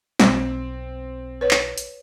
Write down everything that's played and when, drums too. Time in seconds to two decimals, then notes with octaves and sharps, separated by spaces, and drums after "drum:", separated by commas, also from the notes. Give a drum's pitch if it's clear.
0.20 B1 C4, drum: snare
1.41 B4 C#5
1.51 drum: clap
1.78 drum: hi-hat